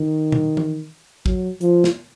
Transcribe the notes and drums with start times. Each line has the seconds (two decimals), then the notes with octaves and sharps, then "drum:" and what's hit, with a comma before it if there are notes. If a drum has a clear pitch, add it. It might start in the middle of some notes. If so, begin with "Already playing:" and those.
Already playing: D#3
0.32 drum: tom A#2
0.57 drum: tom E3
1.26 F#3, drum: kick
1.61 F3, drum: hi-hat
1.84 drum: snare